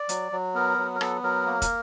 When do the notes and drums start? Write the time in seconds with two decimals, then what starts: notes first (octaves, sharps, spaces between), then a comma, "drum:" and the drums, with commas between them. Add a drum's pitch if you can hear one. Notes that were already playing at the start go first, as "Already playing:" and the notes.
Already playing: D5
0.09 F#3, drum: hi-hat
0.32 F#3
0.55 B3 A#4
0.78 F#3
0.95 A#4
1.01 B3 A4, drum: rim click
1.23 F#3 A#4
1.46 A#3
1.62 drum: kick, hi-hat